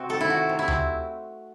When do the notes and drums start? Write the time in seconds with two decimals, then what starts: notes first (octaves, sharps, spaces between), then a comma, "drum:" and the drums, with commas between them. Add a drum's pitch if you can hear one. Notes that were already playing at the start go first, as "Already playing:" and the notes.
Already playing: C3 C4 F#4
0.09 D#3 A4
0.21 E4
0.30 A3 F#4
0.49 C3
0.59 E4
0.68 C4, drum: tom D2